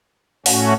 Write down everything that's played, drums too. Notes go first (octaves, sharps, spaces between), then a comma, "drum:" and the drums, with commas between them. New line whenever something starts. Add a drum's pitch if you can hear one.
A2 A3 C#4 F#4, drum: open hi-hat